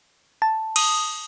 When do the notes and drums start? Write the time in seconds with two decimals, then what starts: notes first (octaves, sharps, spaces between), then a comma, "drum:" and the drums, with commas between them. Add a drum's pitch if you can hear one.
0.42 A5
0.76 D#6, drum: cymbal